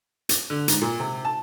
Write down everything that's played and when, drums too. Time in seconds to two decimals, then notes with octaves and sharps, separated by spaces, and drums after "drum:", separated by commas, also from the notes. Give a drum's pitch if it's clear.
0.29 drum: hi-hat
0.50 D3
0.68 G#2, drum: hi-hat
0.81 A#2
1.00 C3
1.25 A5